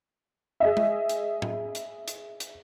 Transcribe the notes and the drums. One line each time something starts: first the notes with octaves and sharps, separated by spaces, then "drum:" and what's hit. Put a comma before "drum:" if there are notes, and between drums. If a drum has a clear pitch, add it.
G#4 D#5 E5
drum: tom G#3
drum: hi-hat
drum: tom A2
drum: hi-hat
drum: hi-hat
drum: hi-hat